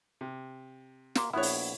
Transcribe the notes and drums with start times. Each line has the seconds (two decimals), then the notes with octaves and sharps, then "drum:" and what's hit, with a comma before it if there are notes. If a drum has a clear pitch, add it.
0.21 C3
1.15 A#3 F4, drum: snare
1.33 A#1 B3 E4 C#5
1.43 drum: open hi-hat